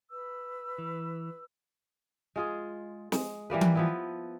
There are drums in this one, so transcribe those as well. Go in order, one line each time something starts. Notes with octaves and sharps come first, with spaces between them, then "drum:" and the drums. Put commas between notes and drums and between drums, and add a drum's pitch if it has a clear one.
B4 E6
E3
G#3 F4 G#4
G#3, drum: snare
E3 G3 A#3 B4
drum: tom E3
F3 B3 E4